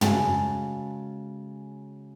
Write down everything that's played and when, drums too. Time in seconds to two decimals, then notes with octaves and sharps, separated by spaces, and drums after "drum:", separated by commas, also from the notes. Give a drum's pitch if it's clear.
0.01 C#3 G#3 F#4 G#4 A4, drum: tom